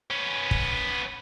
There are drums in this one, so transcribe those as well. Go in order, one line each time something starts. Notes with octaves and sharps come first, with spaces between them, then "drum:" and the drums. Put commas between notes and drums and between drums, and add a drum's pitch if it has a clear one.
B3 C#4
drum: kick